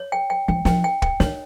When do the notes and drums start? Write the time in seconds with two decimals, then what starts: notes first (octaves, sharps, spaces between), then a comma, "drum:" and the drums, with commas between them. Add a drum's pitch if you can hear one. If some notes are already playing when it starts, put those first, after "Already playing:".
Already playing: C#5
0.12 G5
0.30 G5
0.48 F3 G5
0.65 F3 G5, drum: snare
0.84 G5
1.02 G5, drum: kick
1.20 D#3 C#5, drum: snare